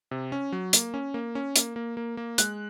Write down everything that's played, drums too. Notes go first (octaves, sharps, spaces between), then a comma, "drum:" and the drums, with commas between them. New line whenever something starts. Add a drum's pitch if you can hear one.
C3
C#4
F#3
A#3, drum: hi-hat
C#4
A#3
C#4
A#3, drum: hi-hat
A#3
A#3
A#3
G#3 F#6, drum: hi-hat